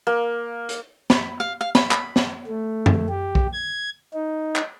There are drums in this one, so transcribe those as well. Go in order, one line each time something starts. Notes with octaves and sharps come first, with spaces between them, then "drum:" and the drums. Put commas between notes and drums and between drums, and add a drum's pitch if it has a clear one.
A#3
drum: hi-hat
B5, drum: snare
F5
F5
B5, drum: snare
B5, drum: clap
drum: snare
A3
drum: tom F#2
G4
drum: kick
G#6
D#4
drum: clap